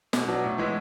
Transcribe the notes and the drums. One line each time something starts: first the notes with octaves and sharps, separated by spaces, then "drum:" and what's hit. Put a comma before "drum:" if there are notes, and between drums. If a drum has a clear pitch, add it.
B2, drum: snare
F#3 B3 D4
A2
E3 G#3 B3